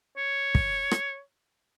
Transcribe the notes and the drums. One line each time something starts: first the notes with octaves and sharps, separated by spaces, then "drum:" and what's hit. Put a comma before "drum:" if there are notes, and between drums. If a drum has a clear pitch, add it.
C#5
drum: kick
drum: rim click